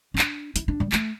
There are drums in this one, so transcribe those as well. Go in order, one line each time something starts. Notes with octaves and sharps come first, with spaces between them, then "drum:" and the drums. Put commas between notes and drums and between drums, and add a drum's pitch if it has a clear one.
C#4
D4, drum: clap
E4, drum: hi-hat
D4
G3
A3, drum: clap